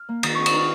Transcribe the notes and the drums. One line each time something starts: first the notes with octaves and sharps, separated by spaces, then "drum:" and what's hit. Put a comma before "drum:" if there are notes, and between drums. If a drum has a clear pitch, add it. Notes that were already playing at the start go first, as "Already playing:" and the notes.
Already playing: F6
A#3
D#3 D#6, drum: cymbal
C4 C#6
D#6, drum: cymbal
D#4 F6